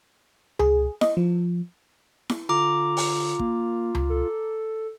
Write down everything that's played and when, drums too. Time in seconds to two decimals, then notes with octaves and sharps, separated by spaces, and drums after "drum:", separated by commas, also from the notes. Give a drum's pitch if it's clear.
0.59 G#4, drum: tom C#2
1.01 D#5, drum: snare E4
1.17 F3
2.30 drum: snare E4
2.49 D3 F4 A#5 D6
2.97 drum: open hi-hat
3.39 A#3, drum: kick
3.95 drum: tom C#2
4.09 A4